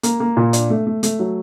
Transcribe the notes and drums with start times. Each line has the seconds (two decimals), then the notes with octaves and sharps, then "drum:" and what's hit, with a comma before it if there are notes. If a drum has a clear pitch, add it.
0.03 A#3, drum: hi-hat
0.20 A#3
0.37 A#2
0.53 D4, drum: hi-hat
0.70 A3
0.87 A3
1.03 A3, drum: hi-hat
1.19 F#3